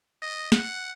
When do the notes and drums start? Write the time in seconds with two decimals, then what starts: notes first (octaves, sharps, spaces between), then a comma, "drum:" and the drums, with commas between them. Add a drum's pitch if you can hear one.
0.22 D#5
0.52 F#5, drum: snare